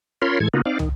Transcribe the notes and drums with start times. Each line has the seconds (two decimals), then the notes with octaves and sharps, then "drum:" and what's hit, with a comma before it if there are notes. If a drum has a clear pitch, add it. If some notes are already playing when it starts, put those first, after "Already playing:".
0.22 C#4 F4 A#4 C#5 B5 C6
0.40 A2 E3 G#3 A4 G#6
0.54 C#3 A#3 B3 D#4 F4 F#4
0.66 C4 D#4 D5 F5
0.79 D#3, drum: tom